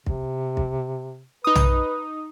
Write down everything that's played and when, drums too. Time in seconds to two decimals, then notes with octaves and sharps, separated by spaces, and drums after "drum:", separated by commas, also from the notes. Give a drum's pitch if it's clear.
0.06 C3, drum: kick
0.57 drum: kick
1.44 D#4 B4 D#6
1.55 drum: tom